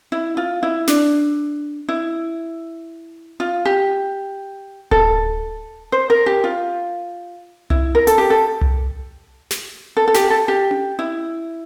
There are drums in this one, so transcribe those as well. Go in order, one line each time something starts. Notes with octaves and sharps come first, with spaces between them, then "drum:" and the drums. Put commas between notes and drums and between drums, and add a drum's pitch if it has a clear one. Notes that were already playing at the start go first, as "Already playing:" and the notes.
E4
F4
E4
D4, drum: snare
E4
F4
G4
A4, drum: kick D1
C5
A#4
G4
F4
E4, drum: tom C2
A#4
A4, drum: hi-hat
G4
A4
drum: tom C2
drum: snare
A4
A4
G4, drum: snare
A4
G4
drum: tom C#4
E4